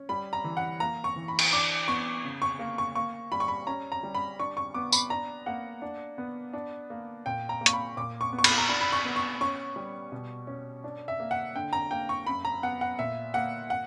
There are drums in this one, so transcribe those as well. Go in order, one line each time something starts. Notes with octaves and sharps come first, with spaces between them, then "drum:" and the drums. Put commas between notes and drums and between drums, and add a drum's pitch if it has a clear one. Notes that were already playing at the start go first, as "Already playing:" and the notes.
Already playing: C#4
G3 B5
A#5
E3
F#5
A#3 A#5
C#6
E3
B5
drum: cymbal
D4 D6
B3 C#6
C#3
C#6
A#3
C#6
A#3 C#6
G3 B5
C#6
B5
C#4 A#5
A#5
G3
B5
D4 C#6
C#6
B3 D6
B5, drum: tambourine
D4 A#5
A#3 F#5
D4
B3
D4
A#3
A#2 G5
A#5
A#3
C#6, drum: hi-hat
B5
A#2 D6
C#6
B3
C#6
B5, drum: cymbal
A#5
D4 B5
B5
C#6
B3
C#6
C#4 C#6
G3
B2
C#4
D4
E5
A#3
F#5
D3 G5
A#5
A#3 G5
C#6
F#2 B5
A#5
B3 F#5
F#5
A#2 E5
A#3 F#5
F#5